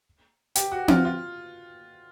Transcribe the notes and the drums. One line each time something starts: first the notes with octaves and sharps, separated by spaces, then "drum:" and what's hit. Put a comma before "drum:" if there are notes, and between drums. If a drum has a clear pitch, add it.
G4, drum: hi-hat
F#4
F4, drum: tom C4
F4